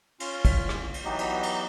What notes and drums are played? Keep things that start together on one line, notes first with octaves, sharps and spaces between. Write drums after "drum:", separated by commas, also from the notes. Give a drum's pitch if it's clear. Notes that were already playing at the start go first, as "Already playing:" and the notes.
C#4 F4, drum: cymbal
drum: kick, cymbal
drum: rim click
drum: cymbal
E3 F#3 B3 D#4 G4 D#5
drum: cymbal
drum: cymbal